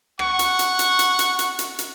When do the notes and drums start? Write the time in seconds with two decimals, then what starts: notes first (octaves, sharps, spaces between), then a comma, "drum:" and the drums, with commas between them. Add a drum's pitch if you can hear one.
0.19 F#5 C#6, drum: rim click
0.39 drum: hi-hat
0.59 drum: hi-hat
0.79 drum: hi-hat
0.99 drum: hi-hat
1.19 drum: hi-hat
1.39 drum: hi-hat
1.59 drum: hi-hat
1.79 drum: hi-hat